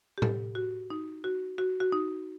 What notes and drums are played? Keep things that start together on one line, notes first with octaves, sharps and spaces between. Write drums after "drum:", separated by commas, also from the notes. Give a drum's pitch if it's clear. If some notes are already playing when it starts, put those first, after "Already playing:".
G4
A4, drum: tom A2
F#4
D#4
F#4
F#4
F#4
D#4